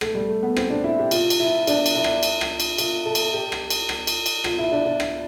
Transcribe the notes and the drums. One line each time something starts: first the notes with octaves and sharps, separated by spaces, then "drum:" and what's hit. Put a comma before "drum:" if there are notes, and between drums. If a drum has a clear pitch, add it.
A3, drum: rim click
G3
A3
B3
C4, drum: rim click
D4
E4
G4
F4, drum: cymbal
drum: cymbal
E4
D4, drum: cymbal
drum: cymbal
E4
drum: rim click
drum: cymbal
drum: rim click
drum: cymbal
F4, drum: cymbal
A4
drum: cymbal
G4
drum: rim click
drum: cymbal
drum: rim click
drum: cymbal
drum: cymbal
F4, drum: rim click
E4
D4
D4
drum: rim click